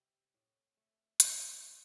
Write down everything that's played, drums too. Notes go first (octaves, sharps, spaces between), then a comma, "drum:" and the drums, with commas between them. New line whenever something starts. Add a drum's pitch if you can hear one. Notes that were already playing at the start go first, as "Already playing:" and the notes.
Already playing: C3 G3
A2
A3
G3 A4, drum: hi-hat
D3